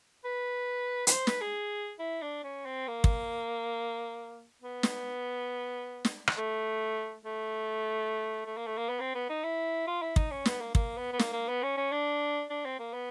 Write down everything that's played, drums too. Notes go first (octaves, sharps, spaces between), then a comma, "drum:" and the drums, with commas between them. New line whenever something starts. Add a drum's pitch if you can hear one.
B4
B4, drum: hi-hat
C5
B4, drum: snare
G#4
E4
D4
C#4
C4
A#3
drum: kick
B3
drum: snare
drum: snare
drum: rim click
A3
A3
A3
A#3
A3
A#3
B3
C4
B3
D#4
E4
F4
E4
D#4, drum: kick
C#4
B3, drum: snare
A#3
A#3, drum: kick
B3
B3
A#3, drum: snare
A#3
B3
C#4
C#4
D4
D4
C4
A#3
B3